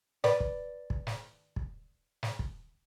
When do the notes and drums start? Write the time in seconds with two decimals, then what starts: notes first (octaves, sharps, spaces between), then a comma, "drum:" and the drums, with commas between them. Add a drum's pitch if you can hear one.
0.24 B4 D5, drum: snare
0.40 drum: kick
0.90 drum: kick
1.07 drum: snare
1.56 drum: kick
2.23 drum: snare
2.39 drum: kick